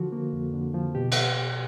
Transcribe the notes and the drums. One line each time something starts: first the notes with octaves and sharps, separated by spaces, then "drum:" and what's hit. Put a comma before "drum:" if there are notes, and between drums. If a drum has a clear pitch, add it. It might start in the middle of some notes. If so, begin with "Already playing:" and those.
Already playing: D3 F3 F#4
A#3
F2
D3
F3
B2 G4
drum: cymbal